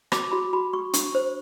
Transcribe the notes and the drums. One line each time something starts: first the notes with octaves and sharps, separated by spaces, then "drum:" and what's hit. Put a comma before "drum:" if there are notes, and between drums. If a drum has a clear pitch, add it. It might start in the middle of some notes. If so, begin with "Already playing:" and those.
F#4 D6, drum: rim click
F#4 B5
F#4 B5
F#4 C#6
D4 C#6, drum: hi-hat
C5